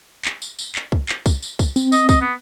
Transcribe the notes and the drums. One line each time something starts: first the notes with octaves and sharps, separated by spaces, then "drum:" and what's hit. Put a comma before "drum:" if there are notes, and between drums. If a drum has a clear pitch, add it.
drum: clap
drum: tambourine
drum: tambourine
drum: clap
drum: kick
drum: clap
drum: kick, tambourine
drum: tambourine
drum: kick, tambourine
C4, drum: tambourine
D#5, drum: tambourine
D#5, drum: kick, tambourine
B3